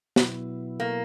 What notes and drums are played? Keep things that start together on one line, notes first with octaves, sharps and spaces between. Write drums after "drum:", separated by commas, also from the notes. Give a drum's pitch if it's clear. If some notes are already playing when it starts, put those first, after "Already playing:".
B2 F#3 B3 E4, drum: snare
A#3